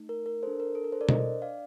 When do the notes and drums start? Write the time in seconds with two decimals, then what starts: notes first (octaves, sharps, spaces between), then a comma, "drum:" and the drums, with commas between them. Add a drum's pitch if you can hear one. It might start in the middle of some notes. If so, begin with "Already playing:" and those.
Already playing: A3 D#4
0.09 A#4
0.26 A#4
0.43 A4 C5
0.47 D4
0.60 A#4
0.75 A4
0.84 A#4
0.92 A4 C5
1.01 A#4 D5
1.09 C5 D#5, drum: tom B2
1.42 D5 F5